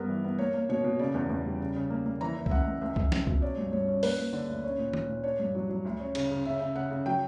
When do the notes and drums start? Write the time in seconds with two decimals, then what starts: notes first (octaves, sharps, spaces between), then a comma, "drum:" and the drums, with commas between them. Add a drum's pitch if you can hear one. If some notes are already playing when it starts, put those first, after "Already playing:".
Already playing: G2 B3 A#4
0.09 E3
0.24 B3
0.38 A#3 C#5
0.54 A#3
0.69 B2 C#5
0.84 B2
0.99 C#3 D5
1.14 E2
1.29 E2
1.45 G3
1.60 C#3
1.76 C#3
1.90 A#3
2.06 A#3
2.21 E3 A#5
2.36 E3
2.46 E5, drum: kick C2
2.51 C#2 F#5
2.66 C#2
2.81 C#2 E5
2.96 C#2, drum: kick C2
3.12 C#2, drum: snare
3.27 B2, drum: kick C2
3.42 C#4 D5
3.57 G2
3.72 G2 C#5
3.88 C#4
4.03 A#3 B4, drum: open hi-hat
4.18 A#3
4.33 D3
4.48 D2
4.64 C#4
4.78 A#2
4.93 A#2, drum: tom D#3
5.09 A#2
5.23 D4 C#5
5.39 G2
5.55 F#3
5.69 F#3
5.85 D2
6.00 C#4
6.15 C#3, drum: cymbal
6.31 C#3
6.45 C#3 E5
6.60 C#3
6.75 C#3 F#5
6.91 C#3
7.06 F#3 G5